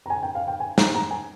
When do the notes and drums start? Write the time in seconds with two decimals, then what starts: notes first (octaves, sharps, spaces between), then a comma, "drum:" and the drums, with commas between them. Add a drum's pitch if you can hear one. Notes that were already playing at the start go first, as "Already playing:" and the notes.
0.06 A#5
0.10 G#5
0.23 G5
0.35 F5
0.48 G5
0.60 G#5
0.78 A#5, drum: snare
0.94 A#5
1.11 G#5